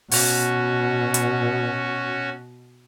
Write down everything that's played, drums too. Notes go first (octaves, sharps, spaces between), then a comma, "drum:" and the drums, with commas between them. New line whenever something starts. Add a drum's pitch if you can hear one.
B2 C#4 F#4, drum: open hi-hat
drum: hi-hat